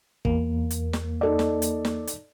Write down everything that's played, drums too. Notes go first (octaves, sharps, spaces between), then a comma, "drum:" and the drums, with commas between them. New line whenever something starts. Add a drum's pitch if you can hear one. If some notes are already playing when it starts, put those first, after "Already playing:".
E2 A#3, drum: kick
drum: hi-hat
drum: snare
D#4 A4 D5
drum: snare
drum: hi-hat
drum: snare
drum: hi-hat